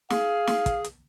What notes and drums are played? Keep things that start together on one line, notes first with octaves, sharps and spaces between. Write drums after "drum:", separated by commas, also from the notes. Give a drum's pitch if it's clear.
G#4 F5, drum: snare
drum: snare
drum: kick, hi-hat
drum: hi-hat